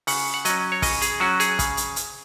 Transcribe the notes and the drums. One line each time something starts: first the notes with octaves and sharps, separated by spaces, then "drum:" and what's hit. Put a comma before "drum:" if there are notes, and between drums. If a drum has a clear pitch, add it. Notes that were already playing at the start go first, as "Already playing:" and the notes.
C#3 F#5, drum: open hi-hat
F#5
F#3 C#4 D#5, drum: hi-hat
C#5
C#3 D#5, drum: kick, open hi-hat
G#4, drum: hi-hat
F#3 C#4 F#4
G#4, drum: hi-hat
C#3, drum: kick, hi-hat
drum: hi-hat
drum: hi-hat